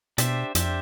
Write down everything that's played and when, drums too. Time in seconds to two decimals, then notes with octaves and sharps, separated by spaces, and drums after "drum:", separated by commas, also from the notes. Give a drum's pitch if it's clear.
0.18 B2 D4 G4 C5 E5, drum: hi-hat
0.55 F2 D4 G4 C5 E5, drum: hi-hat